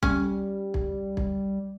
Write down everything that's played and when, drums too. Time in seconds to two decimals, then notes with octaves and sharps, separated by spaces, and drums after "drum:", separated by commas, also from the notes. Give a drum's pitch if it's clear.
0.03 G3 C#4, drum: kick
0.74 drum: kick
1.17 drum: kick